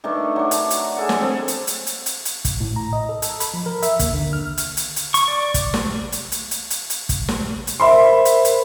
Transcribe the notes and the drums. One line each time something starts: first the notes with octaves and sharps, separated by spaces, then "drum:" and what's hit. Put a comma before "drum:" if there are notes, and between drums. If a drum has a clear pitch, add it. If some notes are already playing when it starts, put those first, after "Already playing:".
D#3 A3 D4 B4
F#3 D4
drum: hi-hat
drum: hi-hat
G#4 A4 F#5
drum: snare
C4 A4
drum: hi-hat
drum: hi-hat
drum: hi-hat
drum: hi-hat
drum: hi-hat
drum: kick, hi-hat
A2
A#5
D#5
A4
A4, drum: hi-hat
B5, drum: hi-hat
F3
A#4
E5, drum: hi-hat
D#2, drum: kick, hi-hat
D3
F6
drum: hi-hat
drum: hi-hat
drum: hi-hat
C#6, drum: hi-hat
D5
drum: kick, hi-hat
drum: snare
drum: hi-hat
drum: hi-hat
drum: hi-hat
drum: hi-hat
drum: hi-hat
drum: kick, hi-hat
drum: snare
drum: hi-hat
A#4 C5 E5 B5 C6
drum: hi-hat
drum: hi-hat